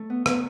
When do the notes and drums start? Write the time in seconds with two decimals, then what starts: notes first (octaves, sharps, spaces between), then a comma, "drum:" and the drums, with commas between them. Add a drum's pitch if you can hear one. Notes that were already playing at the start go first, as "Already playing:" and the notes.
Already playing: A3
0.10 B3
0.26 B3, drum: rim click